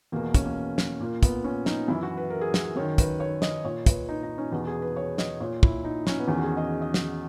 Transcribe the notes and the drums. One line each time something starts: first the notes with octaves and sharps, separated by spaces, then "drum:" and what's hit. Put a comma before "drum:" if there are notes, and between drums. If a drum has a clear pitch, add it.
E2 B2 A#3
C#4, drum: kick, hi-hat
A#3
drum: snare
A#2 A#3
B3, drum: kick, hi-hat
C#4
D#4, drum: snare
F#2 E3 E4
F#4
B4
A#4
G#4
A#4, drum: snare
F#2 D#3 C#5
B4, drum: kick, hi-hat
C#5
D#5, drum: snare
A#2 C#5
B4, drum: kick, hi-hat
D#4
D#4
C#4
E2 B2 B3
G#4
B4
C#5
D#5, drum: snare
A#2 C#5
E4, drum: kick
D#4
C#4, drum: snare
B3
E2 D#3 C#4
F#4
G#4
D#5
D#5
drum: snare